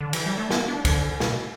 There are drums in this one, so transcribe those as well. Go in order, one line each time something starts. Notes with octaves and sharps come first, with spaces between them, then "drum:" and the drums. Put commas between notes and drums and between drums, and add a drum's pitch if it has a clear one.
D3
E3, drum: cymbal
G3
A3
B3, drum: snare
D4
D3, drum: kick, cymbal
B2, drum: snare